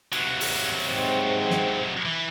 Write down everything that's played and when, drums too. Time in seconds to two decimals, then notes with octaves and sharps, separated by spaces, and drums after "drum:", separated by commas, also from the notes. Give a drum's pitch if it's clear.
0.13 C3 F#3, drum: cymbal
0.41 drum: open hi-hat
0.84 G#2 C4
1.50 drum: snare
2.05 E3